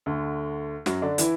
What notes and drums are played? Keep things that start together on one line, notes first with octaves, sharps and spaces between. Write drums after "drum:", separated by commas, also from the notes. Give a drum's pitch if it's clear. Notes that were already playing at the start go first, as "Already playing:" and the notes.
D2 D3
F#2 F#3, drum: snare
D3 D4
E3 E4, drum: hi-hat